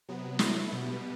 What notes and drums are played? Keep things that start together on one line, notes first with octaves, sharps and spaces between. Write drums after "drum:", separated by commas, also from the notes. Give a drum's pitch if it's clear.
C3 F#3 B3
F#3 A3 E4, drum: snare
B2 G3 B3